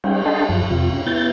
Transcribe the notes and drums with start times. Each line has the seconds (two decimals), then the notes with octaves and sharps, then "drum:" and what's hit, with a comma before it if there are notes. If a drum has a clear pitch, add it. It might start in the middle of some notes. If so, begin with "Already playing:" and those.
0.04 G3 C#4 D#4 G#4 G5, drum: cymbal
0.25 D4 A4 D#5 G5 A5 C6
0.49 F#2 F3
0.70 F2 C3 F4
0.93 C#4
1.06 B3 E4 G6 A6